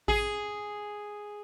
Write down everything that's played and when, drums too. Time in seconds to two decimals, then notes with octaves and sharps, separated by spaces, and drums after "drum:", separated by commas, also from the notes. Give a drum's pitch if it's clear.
0.08 G#4, drum: kick G#1